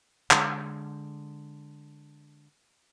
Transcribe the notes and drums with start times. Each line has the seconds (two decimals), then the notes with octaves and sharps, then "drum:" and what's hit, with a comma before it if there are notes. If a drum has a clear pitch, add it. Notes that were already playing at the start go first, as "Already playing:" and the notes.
0.31 D3 G#3, drum: clap